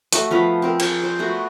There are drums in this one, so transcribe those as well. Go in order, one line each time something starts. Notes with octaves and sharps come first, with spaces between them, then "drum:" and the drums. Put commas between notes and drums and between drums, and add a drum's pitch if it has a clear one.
A3 F#4, drum: hi-hat
F3 B3 F5 B5
C4 A#4
C4 G#4 C5 C#6, drum: cymbal
C5
A3 B3 F#4